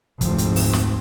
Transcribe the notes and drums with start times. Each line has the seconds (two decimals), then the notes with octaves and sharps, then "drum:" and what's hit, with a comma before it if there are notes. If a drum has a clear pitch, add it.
0.21 F1 D2 G#2 F3 C4, drum: kick, hi-hat
0.38 drum: hi-hat
0.56 drum: open hi-hat
0.73 drum: snare